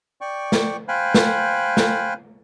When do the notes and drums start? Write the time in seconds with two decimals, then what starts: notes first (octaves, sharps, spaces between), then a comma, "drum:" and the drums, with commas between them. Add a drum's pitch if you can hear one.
0.21 D5 G5 C#6
0.52 drum: snare
0.88 C5 F5 G5 G#5 B5 F#6
1.14 drum: snare
1.77 drum: snare